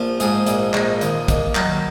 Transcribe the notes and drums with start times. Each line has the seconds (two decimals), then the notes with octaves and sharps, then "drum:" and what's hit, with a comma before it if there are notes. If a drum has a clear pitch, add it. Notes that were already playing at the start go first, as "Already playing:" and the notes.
Already playing: A#1 F3
0.20 G#2 G#4, drum: hi-hat
0.47 A#1, drum: hi-hat
0.74 A#1, drum: clap
1.01 D#2, drum: hi-hat
1.28 D#2, drum: kick, hi-hat
1.55 F#3, drum: clap